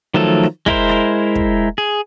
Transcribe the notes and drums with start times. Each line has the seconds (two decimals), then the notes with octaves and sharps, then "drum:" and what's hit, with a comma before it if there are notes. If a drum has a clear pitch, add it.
0.14 D#3 F3 F#3 A3 A4
0.43 drum: rim click
0.66 G#3 E4 A#4 C5, drum: kick
0.89 drum: rim click
1.35 drum: kick
1.78 G#4